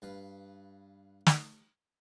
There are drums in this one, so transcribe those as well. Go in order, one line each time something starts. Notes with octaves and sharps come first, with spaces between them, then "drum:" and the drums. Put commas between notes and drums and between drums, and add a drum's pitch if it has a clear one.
G2 B4 F5
drum: snare